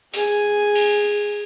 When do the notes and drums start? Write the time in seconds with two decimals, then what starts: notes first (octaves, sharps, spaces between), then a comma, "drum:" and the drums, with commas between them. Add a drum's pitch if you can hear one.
0.14 G#4 G#5, drum: open hi-hat
0.75 drum: cymbal